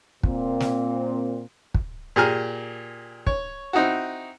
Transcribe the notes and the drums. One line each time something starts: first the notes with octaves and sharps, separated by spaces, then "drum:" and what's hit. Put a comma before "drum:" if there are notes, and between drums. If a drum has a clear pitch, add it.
A#2 C4, drum: kick
drum: snare
drum: kick
A#2 G4 G#4 G#5 A#5 F6
C#5, drum: kick
C4 D#4 E4 F#4